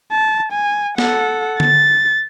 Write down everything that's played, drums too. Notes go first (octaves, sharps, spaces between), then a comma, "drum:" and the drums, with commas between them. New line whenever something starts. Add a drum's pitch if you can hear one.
A5
G#5
A4 F#5, drum: snare
A6, drum: tom D3